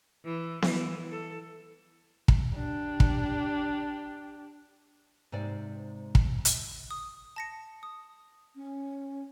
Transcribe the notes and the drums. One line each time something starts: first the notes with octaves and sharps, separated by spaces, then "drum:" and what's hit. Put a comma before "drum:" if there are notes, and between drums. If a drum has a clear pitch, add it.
E3
E3, drum: snare B3
A4
drum: kick
D4 G4
drum: kick
G#2 C3 C5 D5
drum: kick
drum: hi-hat
D#6
A5 A#6 C#7
D#6
C#4